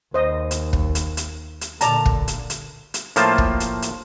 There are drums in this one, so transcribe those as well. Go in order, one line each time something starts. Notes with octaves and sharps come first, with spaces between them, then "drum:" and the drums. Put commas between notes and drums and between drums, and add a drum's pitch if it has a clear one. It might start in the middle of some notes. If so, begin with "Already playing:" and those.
D#2 C5 D#5
drum: hi-hat
drum: kick
drum: hi-hat
drum: hi-hat
drum: hi-hat
A#2 D3 D5 A5 A#5, drum: hi-hat
drum: kick
drum: hi-hat
drum: hi-hat
drum: hi-hat
A2 F3 A#3 F4 C5 A5, drum: hi-hat
drum: kick
drum: hi-hat
drum: hi-hat